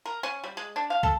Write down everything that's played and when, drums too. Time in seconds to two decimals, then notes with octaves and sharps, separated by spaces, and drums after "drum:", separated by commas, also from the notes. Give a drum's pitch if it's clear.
0.06 A#4
0.23 C#4
0.44 G3
0.57 G#3
0.76 D4
0.90 F5
1.03 A4, drum: kick